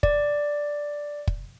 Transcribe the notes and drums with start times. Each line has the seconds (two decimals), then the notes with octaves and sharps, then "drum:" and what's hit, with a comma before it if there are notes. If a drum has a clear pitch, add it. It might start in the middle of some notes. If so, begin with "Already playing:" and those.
0.03 D5, drum: kick
1.27 drum: kick